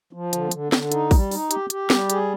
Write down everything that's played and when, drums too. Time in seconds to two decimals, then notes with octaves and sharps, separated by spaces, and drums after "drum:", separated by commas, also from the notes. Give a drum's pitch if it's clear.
0.13 F3
0.33 D3, drum: hi-hat
0.51 D3, drum: hi-hat
0.72 D3, drum: snare
0.92 D#4, drum: hi-hat
1.11 G3, drum: kick, open hi-hat
1.31 D#4, drum: open hi-hat
1.51 G4, drum: hi-hat
1.70 G4, drum: hi-hat
1.90 G3, drum: snare
2.10 G#4, drum: hi-hat